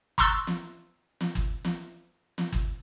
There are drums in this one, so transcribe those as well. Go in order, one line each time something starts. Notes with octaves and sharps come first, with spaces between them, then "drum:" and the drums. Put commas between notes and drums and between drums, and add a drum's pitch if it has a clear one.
A#5 C6 C#6 E6 F#6 A6, drum: kick G1
drum: snare
drum: snare
drum: kick G1
drum: snare
drum: snare
drum: kick G1